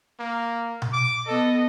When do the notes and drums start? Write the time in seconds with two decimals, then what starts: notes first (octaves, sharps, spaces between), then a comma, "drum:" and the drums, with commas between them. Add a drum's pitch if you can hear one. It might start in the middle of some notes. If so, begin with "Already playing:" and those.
0.20 A#3
0.82 drum: tom B2
0.93 D6
1.27 B3 A4 D#5